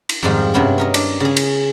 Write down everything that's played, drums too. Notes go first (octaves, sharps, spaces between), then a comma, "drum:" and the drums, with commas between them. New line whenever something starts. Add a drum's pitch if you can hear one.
drum: cymbal
F2 G#2 D#3 F3 G3 F4
G2 C3 B3 C#4 E4 F5
C#4 A#4 D#5
D4, drum: cymbal
C#3 G#4
drum: cymbal